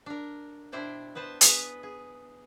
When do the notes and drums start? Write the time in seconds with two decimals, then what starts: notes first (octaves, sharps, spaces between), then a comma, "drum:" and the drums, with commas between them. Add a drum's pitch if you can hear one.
0.06 D4 A#4
0.72 B2 D4 E4 C5 D5 G5
1.15 B3 B4 C5 A5
1.41 B3 G#4 B4, drum: hi-hat
1.83 G#4